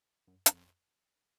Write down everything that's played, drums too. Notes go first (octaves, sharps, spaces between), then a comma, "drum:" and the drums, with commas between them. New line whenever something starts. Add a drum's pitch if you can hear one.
F#2
F2, drum: hi-hat